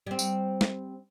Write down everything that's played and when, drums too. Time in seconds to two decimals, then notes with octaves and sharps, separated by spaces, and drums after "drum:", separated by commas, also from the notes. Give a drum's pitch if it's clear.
0.07 G3 C4
0.19 drum: tambourine
0.61 drum: snare